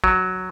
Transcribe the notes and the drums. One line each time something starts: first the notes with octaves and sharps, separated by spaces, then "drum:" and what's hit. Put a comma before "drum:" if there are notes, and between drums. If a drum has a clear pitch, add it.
F#3, drum: kick